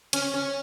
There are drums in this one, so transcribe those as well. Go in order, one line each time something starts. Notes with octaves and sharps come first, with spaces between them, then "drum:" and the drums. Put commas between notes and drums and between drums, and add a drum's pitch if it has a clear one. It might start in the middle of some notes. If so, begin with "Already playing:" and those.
C#4, drum: hi-hat
C#4